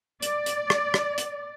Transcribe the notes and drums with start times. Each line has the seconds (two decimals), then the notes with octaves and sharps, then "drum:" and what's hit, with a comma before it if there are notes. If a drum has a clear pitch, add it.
0.22 D5, drum: hi-hat
0.46 drum: hi-hat
0.70 drum: rim click
0.94 drum: rim click
1.18 drum: hi-hat